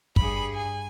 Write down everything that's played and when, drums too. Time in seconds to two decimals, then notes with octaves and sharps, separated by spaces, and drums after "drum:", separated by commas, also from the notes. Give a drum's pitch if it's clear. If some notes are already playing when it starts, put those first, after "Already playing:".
0.16 G2 G#4 B5, drum: kick
0.55 G#5